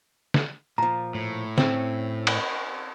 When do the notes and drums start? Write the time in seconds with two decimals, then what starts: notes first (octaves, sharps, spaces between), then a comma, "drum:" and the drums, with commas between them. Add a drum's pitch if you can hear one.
0.34 drum: snare
0.78 A#2 F3 A#5
1.15 A2
1.58 C4 C#4, drum: snare
2.27 drum: cymbal